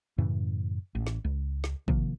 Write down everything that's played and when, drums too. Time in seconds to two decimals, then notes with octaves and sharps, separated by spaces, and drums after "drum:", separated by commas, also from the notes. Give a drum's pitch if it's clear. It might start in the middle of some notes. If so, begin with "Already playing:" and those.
0.18 F#2 A2 C#3 E3
0.95 A1
1.07 drum: snare
1.25 C#2
1.64 drum: snare
1.88 C3 D#3 F3 A#3, drum: kick